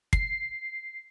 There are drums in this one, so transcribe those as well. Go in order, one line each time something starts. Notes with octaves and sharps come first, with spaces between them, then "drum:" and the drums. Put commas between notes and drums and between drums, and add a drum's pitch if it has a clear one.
C7, drum: kick